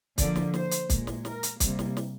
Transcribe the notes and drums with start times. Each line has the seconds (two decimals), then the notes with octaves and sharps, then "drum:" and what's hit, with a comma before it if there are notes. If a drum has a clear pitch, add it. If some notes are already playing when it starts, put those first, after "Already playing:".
0.18 D3 F3 A#3 D5, drum: kick, hi-hat
0.36 drum: snare
0.54 C5, drum: snare
0.71 drum: hi-hat
0.90 A#2 G#3, drum: kick, hi-hat
1.07 drum: snare
1.25 A#4, drum: snare
1.43 drum: hi-hat
1.60 C3 G3 A#3, drum: kick, hi-hat
1.79 drum: snare
1.97 drum: snare